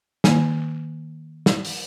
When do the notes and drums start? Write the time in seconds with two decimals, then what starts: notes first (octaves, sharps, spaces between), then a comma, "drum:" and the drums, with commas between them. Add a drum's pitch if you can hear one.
0.24 D#3 A#3 G#5, drum: snare
1.46 drum: snare
1.65 drum: open hi-hat